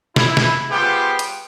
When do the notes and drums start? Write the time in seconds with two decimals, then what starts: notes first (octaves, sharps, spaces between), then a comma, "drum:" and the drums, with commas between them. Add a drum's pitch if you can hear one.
0.16 E4, drum: snare
0.37 drum: snare
0.71 G3 B3 F4 G4 G#4 C5
1.19 drum: hi-hat